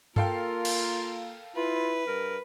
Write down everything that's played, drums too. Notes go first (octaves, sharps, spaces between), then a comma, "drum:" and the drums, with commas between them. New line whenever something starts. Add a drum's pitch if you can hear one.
A#3 F4 A4 A#4 F5 G5, drum: tom G2
drum: cymbal
E4 F4 B4
G2 A#4